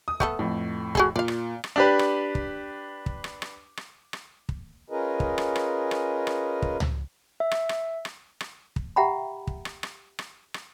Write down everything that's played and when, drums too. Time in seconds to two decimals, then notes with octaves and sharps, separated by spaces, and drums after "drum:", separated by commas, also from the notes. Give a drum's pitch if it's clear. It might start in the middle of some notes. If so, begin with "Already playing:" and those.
0.08 D#6
0.20 A3 B3 A4, drum: kick
0.39 F2 A2
0.95 F#4 G#4 A4, drum: kick
1.16 A#2 D5 F5
1.28 drum: rim click
1.64 drum: rim click
1.76 D4 G4 B4
1.99 drum: rim click
2.35 drum: kick
3.06 drum: kick
3.24 drum: rim click
3.42 drum: rim click
3.77 drum: rim click
4.13 drum: rim click
4.49 drum: kick
4.89 C#4 F4 G#4 A#4 B4 D#5
5.20 drum: kick
5.38 drum: rim click
5.56 drum: rim click
5.91 drum: rim click
6.27 drum: rim click
6.62 drum: kick
6.80 drum: tom C#2
7.40 E5
7.51 drum: rim click
7.69 drum: rim click
8.05 drum: rim click
8.41 drum: rim click
8.76 drum: kick
8.96 G4 E5 F#5 G5 A#5 B5
9.47 drum: kick
9.65 drum: rim click
9.83 drum: rim click
10.19 drum: rim click
10.54 drum: rim click